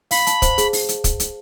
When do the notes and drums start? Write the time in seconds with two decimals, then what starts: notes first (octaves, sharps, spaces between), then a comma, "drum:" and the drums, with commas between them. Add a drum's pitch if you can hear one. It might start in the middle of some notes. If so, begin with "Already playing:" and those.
0.11 F5 B5, drum: open hi-hat
0.27 A5, drum: hi-hat
0.42 C5, drum: kick, hi-hat
0.58 G#4, drum: hi-hat
0.73 drum: open hi-hat
0.89 drum: hi-hat
1.04 drum: kick, hi-hat
1.20 drum: hi-hat